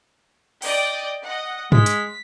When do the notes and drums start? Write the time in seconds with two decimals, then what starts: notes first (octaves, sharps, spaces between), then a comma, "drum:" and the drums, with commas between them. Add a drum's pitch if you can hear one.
0.62 D5 D#5 G5, drum: open hi-hat
1.23 D#5 F#5
1.72 G#3 B6, drum: tom
1.86 drum: hi-hat